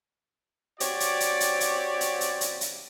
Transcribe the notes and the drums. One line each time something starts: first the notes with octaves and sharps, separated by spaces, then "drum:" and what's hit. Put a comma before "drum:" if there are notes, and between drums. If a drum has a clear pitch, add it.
C4 F#4 G4 C#5 D5, drum: hi-hat
drum: hi-hat
drum: hi-hat
drum: hi-hat
drum: hi-hat
drum: hi-hat
drum: hi-hat
drum: hi-hat
drum: hi-hat